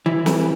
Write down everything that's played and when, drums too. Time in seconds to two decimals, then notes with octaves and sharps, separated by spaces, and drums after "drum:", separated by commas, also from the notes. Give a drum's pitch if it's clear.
0.06 E3
0.26 drum: snare